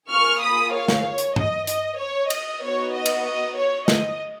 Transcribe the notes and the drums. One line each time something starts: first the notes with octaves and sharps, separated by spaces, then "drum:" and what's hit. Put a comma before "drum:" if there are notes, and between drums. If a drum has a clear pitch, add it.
A#3 F4 G#4 C#6 F6
B5 D#6
C#5 F5
drum: snare
C#5
drum: hi-hat
D#5, drum: tom G2
D#5, drum: hi-hat
C#5
D#5, drum: cymbal
B3 D#4 F#4 C#5
D#5
drum: cymbal
D#5
C#5
D#5, drum: snare